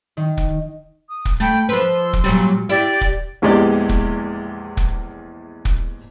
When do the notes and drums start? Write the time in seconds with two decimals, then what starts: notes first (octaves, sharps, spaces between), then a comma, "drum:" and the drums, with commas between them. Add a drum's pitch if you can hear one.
0.17 D#3
0.37 drum: kick
1.08 D#6
1.25 drum: kick
1.40 A3 G5 B5
1.69 F3 B4 C6 E6
2.13 drum: kick
2.24 A#2 F#3 G3
2.69 E4 G4 D5
3.01 drum: kick
3.42 A#1 E2 E3 G#3 G4 D5
3.89 drum: kick
4.77 drum: kick
5.65 drum: kick